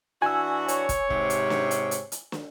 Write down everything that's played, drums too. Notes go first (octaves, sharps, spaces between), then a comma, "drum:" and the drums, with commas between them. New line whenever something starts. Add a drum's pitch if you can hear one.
E3 D4 F#4 G#5 E6
C#5, drum: hi-hat
drum: kick, hi-hat
G#2 C3, drum: kick
drum: hi-hat
drum: snare
drum: hi-hat
drum: hi-hat
drum: hi-hat
drum: snare